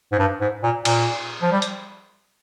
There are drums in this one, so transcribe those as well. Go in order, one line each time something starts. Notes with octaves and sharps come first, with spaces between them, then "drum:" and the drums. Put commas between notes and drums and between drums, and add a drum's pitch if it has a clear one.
G#2
G2
G#2
A#2
A#2, drum: cymbal
F3
G3
drum: hi-hat